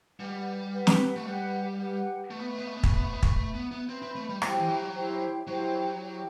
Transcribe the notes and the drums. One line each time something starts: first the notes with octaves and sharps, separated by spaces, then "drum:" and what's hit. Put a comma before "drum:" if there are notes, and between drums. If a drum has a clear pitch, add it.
G3 G4 B4 F#5
G4 B4 F#5
drum: snare
A3
G3 G4 B4 F#5
G4 B4 F#5
A3 B4 E5 B5
B3
A3
B3
A3
B3
A3 B4 E5 B5, drum: kick
B3
A3
B3
A3, drum: kick
A3 B4 E5 B5
B3
B3
C4 B4 E5 B5
C4
A3
G3
G3 E4 G4 C5 G5, drum: rim click
F#3
E3
F#3
E4 G4 C5 G5
F#3 E4 G4 C5 G5
E4 G4 C5 G5